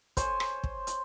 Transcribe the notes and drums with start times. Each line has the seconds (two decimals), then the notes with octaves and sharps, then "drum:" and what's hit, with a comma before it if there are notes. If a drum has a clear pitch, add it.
0.17 C5 C#5 G#5, drum: kick, hi-hat
0.40 drum: rim click
0.64 drum: kick
0.87 drum: hi-hat